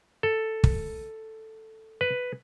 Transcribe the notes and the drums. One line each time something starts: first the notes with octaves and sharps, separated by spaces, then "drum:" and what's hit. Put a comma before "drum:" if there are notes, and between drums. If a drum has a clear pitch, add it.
A4
drum: kick
B4